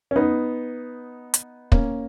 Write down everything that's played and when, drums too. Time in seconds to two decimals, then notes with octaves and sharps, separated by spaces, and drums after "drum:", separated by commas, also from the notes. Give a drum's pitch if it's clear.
0.11 C#4
0.16 B3 D#4
1.34 drum: hi-hat
1.72 A#3 C#4, drum: kick